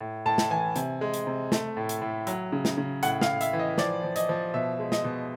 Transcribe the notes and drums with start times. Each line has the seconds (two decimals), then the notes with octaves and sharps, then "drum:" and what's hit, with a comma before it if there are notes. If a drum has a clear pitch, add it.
0.01 A2
0.26 A2 A5
0.38 drum: snare
0.50 E3 G#5
0.76 C3, drum: hi-hat
1.01 G#3
1.14 drum: hi-hat
1.27 C3
1.52 A3, drum: snare
1.77 A2
1.89 drum: hi-hat
2.02 A2
2.27 F#3, drum: hi-hat
2.52 C#3
2.65 drum: snare
2.78 C#3
3.03 A2 F#5, drum: hi-hat
3.21 F5, drum: snare
3.28 A2
3.41 E5, drum: hi-hat
3.53 E3
3.59 D#5
3.78 F3 D5, drum: snare
4.04 F3
4.16 D#5, drum: hi-hat
4.29 F3
4.54 B2 E5
4.79 G#3
4.92 D#5, drum: snare
5.04 B2